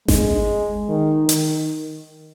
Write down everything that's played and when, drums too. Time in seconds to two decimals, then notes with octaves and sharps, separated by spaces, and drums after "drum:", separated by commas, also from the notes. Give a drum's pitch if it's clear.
0.08 G#3, drum: snare G#1
0.89 D#3
1.29 D#3, drum: hi-hat